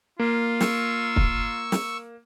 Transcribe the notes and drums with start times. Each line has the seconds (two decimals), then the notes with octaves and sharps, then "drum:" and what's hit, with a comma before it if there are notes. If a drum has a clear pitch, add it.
0.20 A#3 F4
0.61 C#6 E6, drum: snare
1.16 drum: kick
1.72 drum: snare